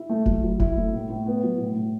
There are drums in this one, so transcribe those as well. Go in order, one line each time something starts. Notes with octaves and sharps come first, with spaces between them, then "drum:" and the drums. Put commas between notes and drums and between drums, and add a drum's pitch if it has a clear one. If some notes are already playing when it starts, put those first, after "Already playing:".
Already playing: E4
A3
F#3, drum: kick F1
F#3
E4, drum: kick F1
A3
A2
A2
B3
F#3
A2
A2